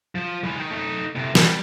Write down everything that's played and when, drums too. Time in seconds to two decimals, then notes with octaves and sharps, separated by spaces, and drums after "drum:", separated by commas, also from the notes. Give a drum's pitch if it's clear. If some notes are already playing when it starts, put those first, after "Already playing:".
0.15 F3
0.44 G#3 E4
0.57 D#4 G5
0.70 A3 D#4
1.15 A2 C3
1.35 G3, drum: snare